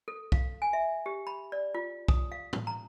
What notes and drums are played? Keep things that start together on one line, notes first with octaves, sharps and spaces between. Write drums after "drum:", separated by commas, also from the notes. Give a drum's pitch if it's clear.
A4
F5, drum: kick B1
G#5
E5
G4
B5
D5
F4
D#6, drum: kick B1
F5
drum: tom
A#5